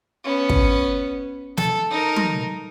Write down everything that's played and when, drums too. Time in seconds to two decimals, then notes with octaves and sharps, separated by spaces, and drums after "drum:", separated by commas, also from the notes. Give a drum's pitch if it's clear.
0.24 B3 C#4
0.49 drum: kick
1.57 A4, drum: snare
1.91 D#4 A#4
2.16 drum: tom F#3